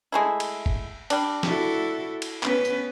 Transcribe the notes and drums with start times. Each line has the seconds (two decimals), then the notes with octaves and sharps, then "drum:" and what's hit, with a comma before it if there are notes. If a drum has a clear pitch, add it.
0.12 G#3 A3 E4
0.40 drum: cymbal
0.66 drum: kick G1
1.10 G3 D4, drum: cymbal
1.43 E4 F#4 A4, drum: snare
2.22 drum: cymbal
2.43 B3 C#4 B4, drum: clap
2.65 drum: tambourine